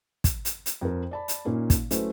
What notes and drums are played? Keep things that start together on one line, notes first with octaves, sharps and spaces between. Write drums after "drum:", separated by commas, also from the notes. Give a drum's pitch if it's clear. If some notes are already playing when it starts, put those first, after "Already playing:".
drum: kick, hi-hat
drum: hi-hat
drum: hi-hat
F2 A#4
D5 A5 B5
drum: hi-hat
A#2 A#3 C#4 D#4
drum: kick, hi-hat
F#3 A3 C#4 E4 B4 C5, drum: hi-hat